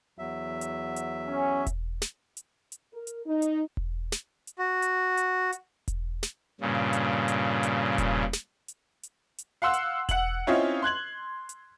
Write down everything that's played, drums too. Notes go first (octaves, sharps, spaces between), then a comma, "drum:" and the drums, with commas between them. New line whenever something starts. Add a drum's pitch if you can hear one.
E2 F#3 E5
drum: hi-hat
drum: hi-hat
C#4
drum: kick E1, hi-hat
drum: snare
drum: hi-hat
drum: hi-hat
A#4
drum: hi-hat
D#4
drum: hi-hat
drum: kick E1
drum: snare
drum: hi-hat
F#4
drum: hi-hat
drum: hi-hat
drum: hi-hat
drum: kick E1, hi-hat
drum: snare
G2 A#2 C#3
drum: hi-hat
drum: hi-hat
drum: hi-hat
drum: kick E1, hi-hat
drum: snare
drum: hi-hat
drum: hi-hat
drum: hi-hat
F5 F#5 C6 E6 F#6
drum: hi-hat
F#5 F#7, drum: kick E1, hi-hat
C4 C#4 E4 F4 C#5 D#5
C6 F#6 G#6 F#7
drum: hi-hat